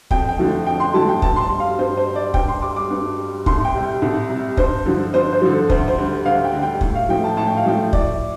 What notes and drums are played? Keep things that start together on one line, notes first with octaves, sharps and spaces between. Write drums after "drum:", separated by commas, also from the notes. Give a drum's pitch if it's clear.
F2 G5, drum: kick
G5
D3 F3 A3
F2 G5
C6
D3 F3 A3 A5
G5
G2 A5, drum: kick
C6
A5
G3
F5
G2 C5
C5
G3
D5
G2 G5, drum: kick
C6
G3 D6
D6
G2
G3
C2 C6, drum: kick
G5
C3 G3
C2
C3 G3
G2 C5, drum: kick
D3 F3
G2 C5
C5
D3 F3
A4
D2 C5, drum: kick
C5
D3 G3
D2 F5
G5
D3 G3
G5
A2, drum: kick
F5
F3 A3 G5
A5
A2 A5
G5
F5
F3 A3 G5
A2 D5, drum: kick